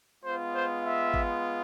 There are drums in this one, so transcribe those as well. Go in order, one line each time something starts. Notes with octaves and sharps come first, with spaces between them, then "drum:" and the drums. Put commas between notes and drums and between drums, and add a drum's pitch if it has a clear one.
G#3 B3 F4 C5
C5
E5
drum: kick G#1